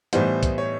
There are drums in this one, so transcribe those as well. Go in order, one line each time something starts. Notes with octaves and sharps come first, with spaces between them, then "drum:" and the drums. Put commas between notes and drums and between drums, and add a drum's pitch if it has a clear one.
A2 E3 G3 B3 D#4 C5, drum: hi-hat
drum: kick B1, hi-hat
C#5